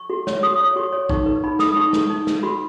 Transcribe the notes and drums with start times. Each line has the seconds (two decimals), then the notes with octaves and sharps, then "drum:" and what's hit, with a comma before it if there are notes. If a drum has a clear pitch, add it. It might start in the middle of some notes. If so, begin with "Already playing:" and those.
Already playing: C#6
0.10 F#4
0.27 C#5, drum: snare
0.43 F#4 D#6
0.60 C#5
0.76 F#4 C#6
0.92 C#5
1.09 D#4 C#6, drum: kick
1.26 B4
1.44 D#4 B5
1.59 B4 D#6, drum: snare
1.76 D#4 C#6
1.93 B4, drum: snare
2.10 D#4
2.27 B4, drum: snare
2.43 F#4 B5